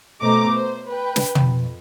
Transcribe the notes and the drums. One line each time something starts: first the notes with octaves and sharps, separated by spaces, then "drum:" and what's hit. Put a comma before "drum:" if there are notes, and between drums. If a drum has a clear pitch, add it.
B2 A3 C5 D#5 A#5 D6
C5
B4 G5
drum: snare
F2, drum: tom